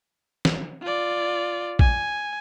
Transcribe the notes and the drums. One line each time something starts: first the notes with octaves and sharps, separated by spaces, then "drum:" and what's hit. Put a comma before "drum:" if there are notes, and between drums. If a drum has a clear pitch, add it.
drum: snare
F4 D5
G#5, drum: kick A#1